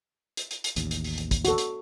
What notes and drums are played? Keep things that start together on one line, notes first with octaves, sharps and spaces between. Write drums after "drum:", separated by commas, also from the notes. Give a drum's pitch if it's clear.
drum: hi-hat
drum: hi-hat
drum: hi-hat
A1 D#2, drum: hi-hat
drum: hi-hat
drum: open hi-hat
drum: hi-hat
drum: kick, hi-hat
F#4 A4, drum: hi-hat
drum: hi-hat